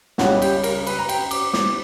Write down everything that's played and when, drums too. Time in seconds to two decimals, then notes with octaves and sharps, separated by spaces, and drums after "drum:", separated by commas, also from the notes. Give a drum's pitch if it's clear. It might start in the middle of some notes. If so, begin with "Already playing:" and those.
0.18 C#2 C#3 G3 C#4 F#4, drum: snare
0.42 G4, drum: cymbal
0.64 A#4, drum: cymbal
0.87 B4, drum: cymbal
0.99 A#5
1.09 G5, drum: cymbal
1.31 D6, drum: cymbal
1.53 D6, drum: snare